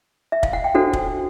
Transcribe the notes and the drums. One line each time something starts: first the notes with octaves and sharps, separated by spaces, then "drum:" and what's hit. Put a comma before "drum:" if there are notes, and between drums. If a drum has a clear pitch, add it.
E5
F5, drum: kick
F#5
G5
D4 F#4 A4 C5 F#5
drum: kick